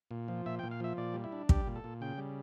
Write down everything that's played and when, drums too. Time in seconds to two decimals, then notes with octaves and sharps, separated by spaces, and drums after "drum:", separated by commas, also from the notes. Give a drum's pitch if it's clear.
0.11 A#2
0.28 F3
0.46 A#2 E5
0.59 G5
0.63 A#2
0.71 F5
0.80 F3 E5
0.97 A#2 D5
1.14 G3
1.24 E4
1.32 D4
1.49 G3 G4, drum: kick
1.67 A#2
1.76 A4
1.84 A#2
2.01 C#3 G5
2.18 G3